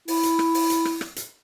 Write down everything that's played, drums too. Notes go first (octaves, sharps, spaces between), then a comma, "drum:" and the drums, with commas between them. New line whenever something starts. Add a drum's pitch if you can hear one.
E4, drum: open hi-hat
drum: hi-hat
drum: rim click
drum: open hi-hat
drum: hi-hat
drum: rim click
drum: rim click
drum: hi-hat